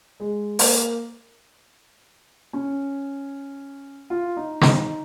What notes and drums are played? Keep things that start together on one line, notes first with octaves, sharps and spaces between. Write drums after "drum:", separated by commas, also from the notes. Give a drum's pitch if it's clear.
G#3
A#3, drum: open hi-hat
C#4
F4
D#4
D#4, drum: snare